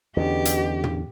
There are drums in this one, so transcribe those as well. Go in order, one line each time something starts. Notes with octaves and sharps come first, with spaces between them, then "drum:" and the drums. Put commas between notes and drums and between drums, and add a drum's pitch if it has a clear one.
E2 B2 D3 C#4 D4 G4 G#4
drum: hi-hat
drum: tom